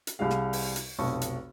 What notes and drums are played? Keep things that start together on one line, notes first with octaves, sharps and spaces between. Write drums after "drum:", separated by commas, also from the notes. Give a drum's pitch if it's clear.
drum: hi-hat
C2 G3 G#4 F5
drum: snare
drum: open hi-hat
drum: hi-hat
F1 B1 C#6
drum: hi-hat